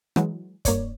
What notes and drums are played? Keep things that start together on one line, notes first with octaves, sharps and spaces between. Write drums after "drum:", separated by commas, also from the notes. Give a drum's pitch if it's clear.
E3 F#3 G#3, drum: rim click
G2 A#3 C#5 D5, drum: kick, hi-hat